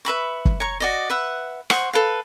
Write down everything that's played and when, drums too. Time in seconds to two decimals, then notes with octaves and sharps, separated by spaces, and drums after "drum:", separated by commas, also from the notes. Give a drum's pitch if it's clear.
0.05 B4 E5 B5 C#6
0.45 drum: kick
0.60 C#5 A#5 C#6
0.80 F#4 D5 D#5
1.10 B4 E5 F#5
1.70 C5 F#5 C#6, drum: rim click
1.93 A4 B4 F5